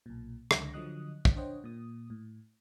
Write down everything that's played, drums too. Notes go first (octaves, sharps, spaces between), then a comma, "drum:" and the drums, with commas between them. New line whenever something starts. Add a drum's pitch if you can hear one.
B1 A#2
C#2 D3 A#6, drum: rim click
D3 F3 F#3 D#5 D#6 F#6
drum: kick
D4 C5 C#5 D#5 F#5 G5
A#2 D#6
A2